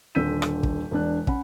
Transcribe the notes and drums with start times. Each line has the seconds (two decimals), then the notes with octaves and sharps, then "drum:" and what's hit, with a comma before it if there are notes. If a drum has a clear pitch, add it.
0.15 D#1 D3 E6 G6 B6 D#7
0.42 drum: rim click
0.63 drum: kick
0.91 E1 D4 F#6
1.27 C#4 F#5 B5, drum: kick